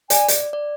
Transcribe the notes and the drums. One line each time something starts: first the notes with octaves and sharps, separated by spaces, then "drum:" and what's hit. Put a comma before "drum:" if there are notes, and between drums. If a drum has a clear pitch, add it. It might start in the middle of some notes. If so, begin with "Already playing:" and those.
D5 G#5, drum: hi-hat
drum: hi-hat
D5